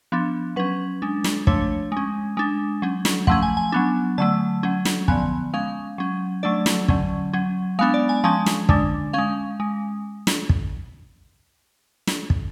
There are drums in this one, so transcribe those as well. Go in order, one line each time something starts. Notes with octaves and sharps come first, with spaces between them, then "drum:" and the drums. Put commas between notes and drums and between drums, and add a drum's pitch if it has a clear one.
F3 B3 D4
F#3 C#4 B4
G#3 D4
drum: snare
F3 A3 D4 C#5, drum: kick
G#3 C#4
G#3 D4
F#3 C#4
drum: snare
F3 A3 C#4 F#5, drum: kick
G#5
G#5
F#3 B3 D4
D3 F#3 A3 A5
F#3 C#4
drum: snare
D3 F3 B3 G#5, drum: kick
G#3 C#4 F5
F#3 C#4
F#3 A3 D4 D5
drum: snare
D3 F#3 C#4, drum: kick
F#3 C#4
G#3 B3 D4 F5
D5
G#5
F3 G#3 C#4 A5
drum: snare
D3 G#3 D4, drum: kick
G#3 C#4 F5
G#3
drum: snare
drum: kick
drum: snare
drum: kick